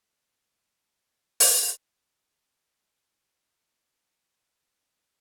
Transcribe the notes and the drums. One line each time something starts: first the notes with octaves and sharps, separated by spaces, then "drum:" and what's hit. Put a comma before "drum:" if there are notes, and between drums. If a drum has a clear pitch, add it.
D#3 D5 E5 G#5
drum: open hi-hat
D3 G#4 A#4
F4 F#4
A#3 C#4 B4 F5
F3 D4
E4 A5 A#5